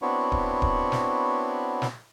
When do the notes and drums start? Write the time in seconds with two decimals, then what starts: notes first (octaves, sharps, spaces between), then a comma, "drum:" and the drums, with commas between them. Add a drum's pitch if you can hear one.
0.02 B3 C4 D4 E4 F#4 C#5
0.32 drum: kick D1
0.62 drum: kick D1
0.92 drum: snare
1.82 drum: snare